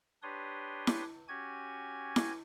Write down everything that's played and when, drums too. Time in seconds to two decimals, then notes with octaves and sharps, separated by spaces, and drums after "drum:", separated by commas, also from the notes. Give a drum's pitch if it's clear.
0.23 D4 G4 B4 C#5 C6 D#6
0.87 drum: snare E4
1.28 C#4 F#4 G4 G#5 G#6
2.16 drum: snare E4